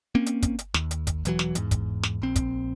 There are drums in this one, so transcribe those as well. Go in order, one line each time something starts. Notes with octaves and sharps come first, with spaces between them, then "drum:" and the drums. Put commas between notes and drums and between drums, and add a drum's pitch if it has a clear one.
A#3 C4 C#4
drum: hi-hat
drum: kick, hi-hat
drum: hi-hat
D#2, drum: snare
drum: hi-hat
drum: kick, hi-hat
E1 E3 F#3, drum: hi-hat
drum: snare
E2 G#2, drum: hi-hat
drum: kick, hi-hat
drum: snare
A#1 C4
drum: kick, hi-hat